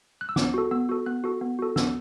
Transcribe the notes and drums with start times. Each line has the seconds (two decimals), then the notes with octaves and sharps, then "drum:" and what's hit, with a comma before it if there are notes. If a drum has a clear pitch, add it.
0.21 F#6
0.29 E6
0.36 B3 D6, drum: snare
0.54 F#4 A4
0.71 B3 E6
0.89 F#4 A4
1.06 B3 F#6
1.24 F#4 A4
1.41 B3
1.59 F#4 A4
1.76 B3 E6, drum: snare